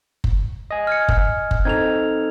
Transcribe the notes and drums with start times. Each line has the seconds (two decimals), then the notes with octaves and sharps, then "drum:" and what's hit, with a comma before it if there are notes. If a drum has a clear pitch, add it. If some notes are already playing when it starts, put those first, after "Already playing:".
0.24 drum: kick F#1
0.71 D#5 G#5
0.87 F6 G#6 C#7
1.08 drum: kick F#1
1.51 drum: kick F#1
1.65 C4 D#4 A4 G#6 F7